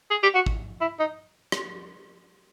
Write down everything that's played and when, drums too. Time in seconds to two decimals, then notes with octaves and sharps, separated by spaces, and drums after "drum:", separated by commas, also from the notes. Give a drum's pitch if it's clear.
0.11 G#4
0.23 G4
0.35 F#4
0.46 drum: kick
0.81 E4
1.00 D#4
1.52 drum: rim click